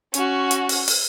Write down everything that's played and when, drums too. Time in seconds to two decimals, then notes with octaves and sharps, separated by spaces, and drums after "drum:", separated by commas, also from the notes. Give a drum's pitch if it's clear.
0.14 C#4 F#4, drum: hi-hat
0.51 drum: hi-hat
0.69 drum: open hi-hat
0.88 drum: open hi-hat